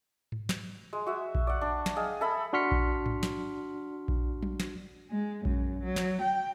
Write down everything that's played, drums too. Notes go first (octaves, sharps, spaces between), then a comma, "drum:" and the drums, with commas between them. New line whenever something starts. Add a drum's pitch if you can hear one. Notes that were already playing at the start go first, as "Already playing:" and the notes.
drum: tom G#2
drum: snare
G#3
F#4 E5
drum: kick A#1
D5 F#5
D4
drum: snare
G#4 D#5 F5 G5
A4 E5 A5 B5
D4 F#4 C6 F6 B6 C#7
drum: kick A#1
drum: tom G#2
drum: snare
drum: kick A#1
drum: tom F#3
drum: snare
G#3
F#2, drum: kick A#1
F#3
drum: snare
G5